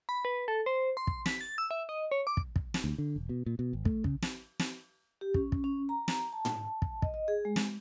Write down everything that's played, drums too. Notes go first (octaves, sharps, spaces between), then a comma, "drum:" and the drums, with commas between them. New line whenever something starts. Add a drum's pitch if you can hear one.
B5
B4
A4
C5
C6
drum: kick
B6, drum: snare
A6
E6
E5
D#5
C#5
D6
drum: kick
drum: kick
drum: snare
D2
D3
E1
B2
A#2
B2
G#1
A3, drum: kick
C#3, drum: kick
drum: snare
drum: snare
G4
C#4, drum: kick
drum: kick
C#4
A#5
drum: snare
A5
drum: tom
drum: kick
D#5, drum: kick
D#5
G#4
G#3
drum: snare